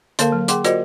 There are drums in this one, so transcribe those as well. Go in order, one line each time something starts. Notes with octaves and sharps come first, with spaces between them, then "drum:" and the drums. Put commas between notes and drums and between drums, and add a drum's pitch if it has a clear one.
D3 A#3 A4 A#4 F5 A5, drum: hi-hat
F#3
G#4 F#5 G5 C6 D6, drum: hi-hat
F4 F#4 A#4 C5 D5 D#5, drum: hi-hat